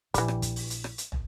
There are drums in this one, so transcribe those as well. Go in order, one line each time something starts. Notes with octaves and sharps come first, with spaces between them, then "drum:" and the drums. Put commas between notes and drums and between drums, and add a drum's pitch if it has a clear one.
A#1 E3 F3 G3, drum: kick, hi-hat
drum: rim click
drum: kick, hi-hat
drum: open hi-hat
drum: hi-hat
drum: rim click
drum: hi-hat
drum: tom